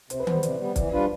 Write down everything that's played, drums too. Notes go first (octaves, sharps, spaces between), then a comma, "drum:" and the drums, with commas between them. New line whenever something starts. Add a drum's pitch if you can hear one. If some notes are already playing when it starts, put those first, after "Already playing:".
C3 C5, drum: hi-hat
B4
G3 B3 C5, drum: tom D#3
C3 D5, drum: hi-hat
G3 B3
E3 D5, drum: kick, hi-hat
G3 D4 F4 B4